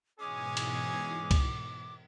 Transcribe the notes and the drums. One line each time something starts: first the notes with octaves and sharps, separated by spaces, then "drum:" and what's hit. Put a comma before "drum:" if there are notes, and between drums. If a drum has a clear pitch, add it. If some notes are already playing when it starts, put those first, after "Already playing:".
G#2 B2 E3 G#3 C#4 G#4 D6
drum: cymbal
drum: kick, cymbal